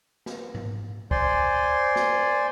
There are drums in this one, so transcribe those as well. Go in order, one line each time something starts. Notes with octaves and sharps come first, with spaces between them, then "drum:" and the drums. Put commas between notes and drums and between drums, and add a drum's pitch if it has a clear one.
drum: snare
drum: tom G#2
C5 D5 G#5 C6, drum: kick
drum: snare